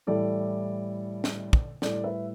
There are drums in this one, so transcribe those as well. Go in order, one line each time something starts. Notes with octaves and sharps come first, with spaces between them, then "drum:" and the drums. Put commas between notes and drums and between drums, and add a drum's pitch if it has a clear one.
A2 E3 G3 E4 A4 D5
drum: snare
drum: kick
A2 G3 E4 A4 D5, drum: snare
B4 E5